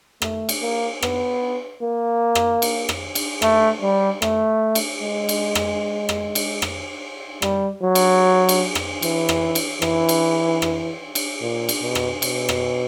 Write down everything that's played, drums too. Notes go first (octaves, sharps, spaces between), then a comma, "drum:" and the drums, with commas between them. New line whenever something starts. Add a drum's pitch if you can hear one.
A3, drum: rim click
drum: cymbal
A#3
B3, drum: rim click
A#3
drum: rim click
drum: cymbal
drum: rim click
drum: cymbal
A3, drum: rim click
G3
A3, drum: rim click
drum: cymbal
G#3
drum: cymbal
drum: rim click
drum: rim click
drum: cymbal
drum: rim click
G3, drum: rim click
F#3
drum: cymbal
drum: cymbal
drum: rim click
E3, drum: cymbal
drum: rim click
drum: cymbal
E3, drum: rim click
drum: cymbal
drum: rim click
drum: cymbal
A#2
drum: cymbal
B2
drum: rim click
B2, drum: cymbal
drum: rim click